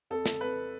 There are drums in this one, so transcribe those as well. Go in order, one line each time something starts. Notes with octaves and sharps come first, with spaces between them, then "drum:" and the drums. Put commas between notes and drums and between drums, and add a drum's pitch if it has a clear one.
F2 A4
drum: snare
F2 B4